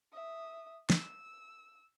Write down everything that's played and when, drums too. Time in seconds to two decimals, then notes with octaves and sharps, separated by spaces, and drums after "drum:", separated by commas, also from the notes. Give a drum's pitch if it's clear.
0.13 E5 D#6
0.90 E6, drum: snare